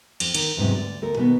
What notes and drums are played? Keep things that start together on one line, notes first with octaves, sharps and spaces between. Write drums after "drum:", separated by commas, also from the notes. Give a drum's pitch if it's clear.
F2, drum: cymbal
D#3, drum: cymbal
E2 G#2 C3 F#3
D2 D5
D2 A4 A#4
B2 D#3 B3